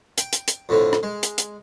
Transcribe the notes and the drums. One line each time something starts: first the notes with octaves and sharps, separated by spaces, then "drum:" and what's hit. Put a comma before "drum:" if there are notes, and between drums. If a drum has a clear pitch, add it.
G5, drum: hi-hat
drum: hi-hat
drum: hi-hat
F2 A2 D3 F3
drum: rim click
G#3
drum: hi-hat
drum: hi-hat